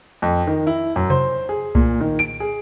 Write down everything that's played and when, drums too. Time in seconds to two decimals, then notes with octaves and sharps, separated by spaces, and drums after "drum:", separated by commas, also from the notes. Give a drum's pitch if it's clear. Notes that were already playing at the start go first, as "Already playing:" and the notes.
0.22 F2
0.47 D#3
0.67 E4
0.96 F#2
1.10 C5, drum: tom C3
1.49 G#4
1.75 A#2, drum: kick C2
2.01 D#3
2.19 D7
2.40 G#4